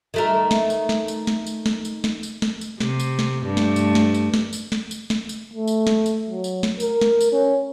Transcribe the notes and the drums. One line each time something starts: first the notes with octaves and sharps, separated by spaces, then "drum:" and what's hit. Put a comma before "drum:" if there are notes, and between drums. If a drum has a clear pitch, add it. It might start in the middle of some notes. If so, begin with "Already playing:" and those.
D#3 A3 A#4
drum: snare
drum: tambourine
drum: snare
drum: tambourine
drum: snare
drum: tambourine
drum: snare
drum: tambourine
drum: snare
drum: tambourine
drum: snare
drum: tambourine
C3, drum: snare
drum: tambourine
drum: snare
G2 A3
drum: snare
drum: tambourine
drum: snare
drum: tambourine
drum: snare
drum: tambourine
drum: snare
drum: tambourine
drum: snare
drum: tambourine
A3
drum: tambourine
drum: snare
drum: tambourine
F#3
drum: tambourine
drum: snare
A#4, drum: tambourine
drum: snare
drum: tambourine
C#4